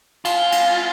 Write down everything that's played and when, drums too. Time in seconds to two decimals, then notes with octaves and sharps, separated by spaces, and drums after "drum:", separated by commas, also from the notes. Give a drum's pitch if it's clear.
0.25 F4, drum: cymbal
0.52 drum: cymbal